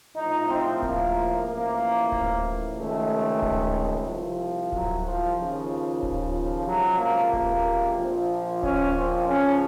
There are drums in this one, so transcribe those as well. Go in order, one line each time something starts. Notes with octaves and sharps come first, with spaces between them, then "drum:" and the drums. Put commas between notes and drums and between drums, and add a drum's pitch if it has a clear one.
A#1 A2 F3 D#4
C4
A#3, drum: kick D1
A1 A2 F3 A#3
drum: kick D1
C#2 C3 D#3 A3
drum: kick D1
C2 C3 F3
F#3, drum: kick D1
F3
D#2 C#3 F3
drum: kick D1
C#2 C3 F3 F#3
A#3
A#3, drum: kick D1
A#1 A#2 F3
C#4, drum: kick D1
C4
C#2 C#3 F3 C#4